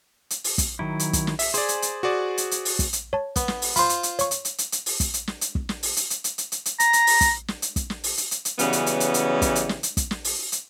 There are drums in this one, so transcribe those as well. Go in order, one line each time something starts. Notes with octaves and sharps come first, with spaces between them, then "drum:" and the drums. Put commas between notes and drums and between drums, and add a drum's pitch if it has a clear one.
drum: hi-hat
drum: open hi-hat
drum: kick, hi-hat
D#3 F#3 E4
drum: hi-hat
drum: kick, hi-hat
drum: snare
E5 B6, drum: open hi-hat
G#4 C5 D5 G#5, drum: hi-hat
drum: hi-hat
drum: hi-hat
F#4 G#4 D5
drum: hi-hat
drum: hi-hat
drum: open hi-hat
drum: kick, hi-hat
drum: hi-hat
C#5 A5
B3, drum: kick, hi-hat
drum: snare
drum: open hi-hat
F4 C5 B5 C6, drum: hi-hat
drum: hi-hat
drum: hi-hat
C#5 C#6, drum: hi-hat
drum: hi-hat
drum: hi-hat
drum: hi-hat
drum: hi-hat
drum: open hi-hat
drum: kick, hi-hat
drum: hi-hat
drum: snare
drum: hi-hat
drum: kick
drum: snare
drum: open hi-hat
drum: hi-hat
drum: hi-hat
drum: hi-hat
drum: hi-hat
drum: hi-hat
drum: hi-hat
A#5, drum: hi-hat
drum: hi-hat
drum: open hi-hat
drum: kick, hi-hat
drum: snare
drum: hi-hat
drum: kick, hi-hat
drum: snare
drum: open hi-hat
drum: hi-hat
drum: hi-hat
drum: hi-hat
C#3 E3 F#3 G3 B3 C#4, drum: hi-hat
drum: hi-hat
drum: hi-hat
drum: hi-hat
drum: hi-hat
drum: kick, hi-hat
drum: hi-hat
drum: snare
drum: hi-hat
drum: kick, hi-hat
drum: snare
drum: open hi-hat
drum: hi-hat